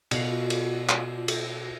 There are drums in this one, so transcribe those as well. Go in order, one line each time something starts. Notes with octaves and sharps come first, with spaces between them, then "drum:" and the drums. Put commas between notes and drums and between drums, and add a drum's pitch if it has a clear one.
B2 F4 F#4 D5, drum: cymbal
drum: cymbal
drum: clap
drum: cymbal